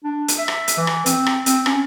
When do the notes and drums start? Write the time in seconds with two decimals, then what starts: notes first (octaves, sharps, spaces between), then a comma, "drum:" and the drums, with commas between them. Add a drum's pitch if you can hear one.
0.04 D4
0.28 drum: hi-hat
0.38 E5
0.48 drum: rim click
0.68 drum: hi-hat
0.77 E3
0.87 drum: rim click
1.06 C4, drum: hi-hat
1.26 drum: rim click
1.46 C4, drum: hi-hat
1.66 C#4, drum: rim click